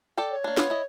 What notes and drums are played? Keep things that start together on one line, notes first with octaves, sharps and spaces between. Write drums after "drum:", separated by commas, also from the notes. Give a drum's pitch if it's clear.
A4 D5 G5
C#5
A#3 D4
B3 F4, drum: snare
E4 D#5